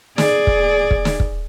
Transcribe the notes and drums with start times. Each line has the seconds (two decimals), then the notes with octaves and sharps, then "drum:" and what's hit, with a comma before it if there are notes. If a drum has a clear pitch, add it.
0.18 G#4 D5, drum: snare
0.47 drum: kick
0.91 drum: kick
1.05 drum: snare
1.20 drum: kick